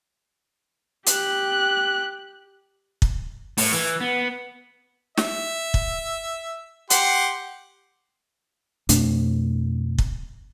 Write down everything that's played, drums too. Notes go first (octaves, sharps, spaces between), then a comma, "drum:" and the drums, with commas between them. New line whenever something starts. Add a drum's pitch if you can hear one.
G4 F#6, drum: hi-hat
drum: kick
A2, drum: open hi-hat
E3
B3
E5, drum: snare
drum: kick
G4 F#5 C6, drum: hi-hat
F2 B2 A3 D4, drum: hi-hat
drum: kick